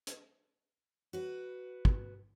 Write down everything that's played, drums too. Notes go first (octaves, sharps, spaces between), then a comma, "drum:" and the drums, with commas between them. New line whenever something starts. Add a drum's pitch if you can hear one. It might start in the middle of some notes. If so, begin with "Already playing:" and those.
drum: hi-hat
F#4 B4
drum: kick